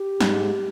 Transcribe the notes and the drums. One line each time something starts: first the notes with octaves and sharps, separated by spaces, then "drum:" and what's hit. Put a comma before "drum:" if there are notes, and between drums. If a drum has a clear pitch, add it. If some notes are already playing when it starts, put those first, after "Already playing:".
Already playing: G4
G#2, drum: snare